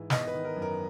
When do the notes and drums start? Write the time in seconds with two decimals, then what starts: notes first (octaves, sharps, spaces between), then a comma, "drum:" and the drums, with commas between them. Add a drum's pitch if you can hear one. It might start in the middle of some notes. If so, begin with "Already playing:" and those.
Already playing: G#2 E3
0.10 B3 D#5, drum: snare
0.27 B4
0.34 D#3
0.45 A#4
0.56 F#2
0.62 A#4